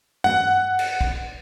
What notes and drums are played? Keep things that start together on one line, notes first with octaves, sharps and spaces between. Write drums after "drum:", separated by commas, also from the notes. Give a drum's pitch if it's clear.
F#5, drum: tom G2
drum: cymbal
drum: kick